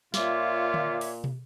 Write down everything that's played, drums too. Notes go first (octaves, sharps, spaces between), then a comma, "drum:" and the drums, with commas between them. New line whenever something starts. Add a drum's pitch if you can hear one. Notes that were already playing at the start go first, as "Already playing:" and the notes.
A#2 F4 C#5 E5 D6, drum: snare
drum: tom D3
drum: open hi-hat
drum: tom